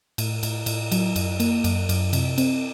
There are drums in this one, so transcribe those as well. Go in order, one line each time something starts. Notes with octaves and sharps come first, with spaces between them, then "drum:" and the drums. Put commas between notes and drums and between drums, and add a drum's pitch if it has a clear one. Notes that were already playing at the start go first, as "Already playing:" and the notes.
A2, drum: cymbal
A2, drum: cymbal
A2, drum: cymbal
F#3, drum: cymbal
F#2, drum: cymbal
A#3, drum: cymbal
F#2, drum: cymbal
F#2, drum: cymbal
C3, drum: cymbal
C4, drum: cymbal